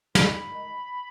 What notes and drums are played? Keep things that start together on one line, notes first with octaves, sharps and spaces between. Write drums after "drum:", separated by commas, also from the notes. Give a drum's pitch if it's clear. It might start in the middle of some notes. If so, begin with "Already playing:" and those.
E2 B5, drum: snare
D#3 G#3